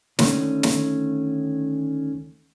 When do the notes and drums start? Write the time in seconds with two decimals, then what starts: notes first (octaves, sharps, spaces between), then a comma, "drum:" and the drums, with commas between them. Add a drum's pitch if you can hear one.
0.19 D2 D3 D#3 G#3 A3 C#4, drum: snare
0.63 drum: snare